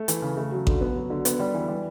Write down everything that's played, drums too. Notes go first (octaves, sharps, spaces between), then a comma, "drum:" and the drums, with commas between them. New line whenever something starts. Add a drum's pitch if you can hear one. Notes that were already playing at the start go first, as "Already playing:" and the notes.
Already playing: A3
E3, drum: hi-hat
C#3
A3
F#3
D3, drum: kick A1
B3
F#3
D3
B3, drum: hi-hat
G3
E3
G3